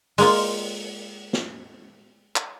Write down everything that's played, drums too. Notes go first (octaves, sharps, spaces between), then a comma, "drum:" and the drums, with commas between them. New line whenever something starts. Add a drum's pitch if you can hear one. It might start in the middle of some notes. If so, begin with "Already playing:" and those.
G#3 A#3 F4, drum: open hi-hat
drum: snare
drum: clap